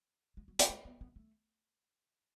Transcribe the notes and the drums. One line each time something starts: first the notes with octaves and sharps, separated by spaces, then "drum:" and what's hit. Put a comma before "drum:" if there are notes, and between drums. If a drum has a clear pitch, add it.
G#3
F#3
G#3, drum: hi-hat
G#3
B3
B3
A3